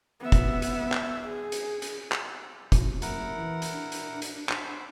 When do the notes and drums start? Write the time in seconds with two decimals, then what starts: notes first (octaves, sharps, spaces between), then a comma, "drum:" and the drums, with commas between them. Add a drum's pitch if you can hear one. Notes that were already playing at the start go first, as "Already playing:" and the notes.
0.20 B3 E5
0.32 drum: kick, hi-hat
0.62 drum: hi-hat
0.92 drum: clap
1.28 G#4
1.52 drum: hi-hat
1.82 drum: hi-hat
2.12 drum: clap
2.72 drum: kick, hi-hat
3.02 F#1 E4 A#4 F#5, drum: hi-hat
3.38 E3
3.62 drum: hi-hat
3.79 D4
3.92 drum: hi-hat
4.22 drum: hi-hat
4.49 C5 B5, drum: clap